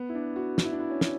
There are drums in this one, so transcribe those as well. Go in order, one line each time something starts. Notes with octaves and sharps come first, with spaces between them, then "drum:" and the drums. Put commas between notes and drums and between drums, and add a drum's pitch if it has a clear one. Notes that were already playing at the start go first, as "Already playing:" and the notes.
Already playing: B3
E4
D4
F#4
F#4, drum: snare
E4
D4
E4
C#4
drum: snare